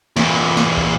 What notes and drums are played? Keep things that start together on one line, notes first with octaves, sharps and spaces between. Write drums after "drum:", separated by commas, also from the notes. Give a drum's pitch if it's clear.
E2 A#2, drum: snare
drum: snare
drum: kick